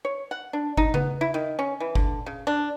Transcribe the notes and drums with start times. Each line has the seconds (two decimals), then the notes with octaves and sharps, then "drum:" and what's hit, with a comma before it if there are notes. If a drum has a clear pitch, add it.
0.05 C#5
0.31 F#5
0.53 D4
0.77 D#4, drum: kick G1
0.94 B3, drum: tom C#3
1.21 E4
1.34 D#3
1.59 C#4
1.80 E3
1.95 D3, drum: kick G1
2.26 C#3
2.47 D4